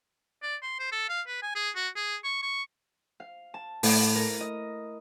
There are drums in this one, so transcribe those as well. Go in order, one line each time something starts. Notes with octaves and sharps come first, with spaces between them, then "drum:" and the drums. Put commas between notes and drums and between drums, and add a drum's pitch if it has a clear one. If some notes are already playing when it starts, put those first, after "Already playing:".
D5
C6
C5
A4
F5
B4
G#5
G#4
F#4
G#4
C#6
C#6
F5
A5
A2, drum: open hi-hat
A#4
D#5